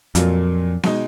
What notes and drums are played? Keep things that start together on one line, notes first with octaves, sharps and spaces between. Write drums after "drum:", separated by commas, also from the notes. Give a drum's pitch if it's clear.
F2 A#2 F#3 A#3 F4, drum: hi-hat
B2 G#3 D#4, drum: snare B3